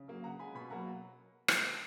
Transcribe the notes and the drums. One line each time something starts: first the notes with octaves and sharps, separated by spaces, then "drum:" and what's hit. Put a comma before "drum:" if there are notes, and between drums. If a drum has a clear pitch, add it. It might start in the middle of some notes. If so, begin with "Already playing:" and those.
Already playing: C#3
F#3 A#3
C#3 F#5 A#5
G#3 G#5 B5
B2 G#5 B5
F#3 A#3 F#5 A#5
drum: rim click